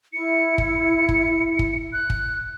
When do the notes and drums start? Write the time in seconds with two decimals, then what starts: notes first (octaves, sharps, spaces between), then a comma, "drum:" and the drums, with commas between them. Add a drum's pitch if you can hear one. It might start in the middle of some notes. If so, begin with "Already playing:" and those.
0.13 E4 C#7
0.58 drum: kick
1.09 drum: kick
1.59 drum: kick
1.93 F#6
2.10 drum: kick